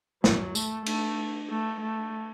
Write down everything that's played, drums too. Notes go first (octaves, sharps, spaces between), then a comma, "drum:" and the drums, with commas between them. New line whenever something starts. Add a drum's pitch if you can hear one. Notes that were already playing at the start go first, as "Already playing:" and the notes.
F#3, drum: snare
A3, drum: tambourine
A3, drum: cymbal
A3
A3